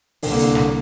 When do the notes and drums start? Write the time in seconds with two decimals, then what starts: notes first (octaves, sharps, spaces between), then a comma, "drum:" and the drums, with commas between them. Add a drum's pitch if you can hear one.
0.22 C2 D3 A#3, drum: open hi-hat
0.39 drum: hi-hat
0.55 drum: snare